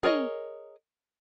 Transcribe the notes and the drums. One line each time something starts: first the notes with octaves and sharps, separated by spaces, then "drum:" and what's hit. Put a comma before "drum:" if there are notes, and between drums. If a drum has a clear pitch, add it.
G#4 A#4 C#5 D#5, drum: tom